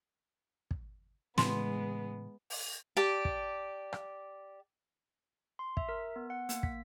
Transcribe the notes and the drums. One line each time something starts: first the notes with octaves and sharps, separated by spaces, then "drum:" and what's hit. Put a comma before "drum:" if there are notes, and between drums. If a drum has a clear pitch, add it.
drum: kick
A2 C#3 E3 G#3 B3 C6, drum: snare
drum: open hi-hat
G4 D5 A5
drum: kick
drum: rim click
C6
E5, drum: kick
A#4
B3
F#5
A#3, drum: hi-hat
B6, drum: kick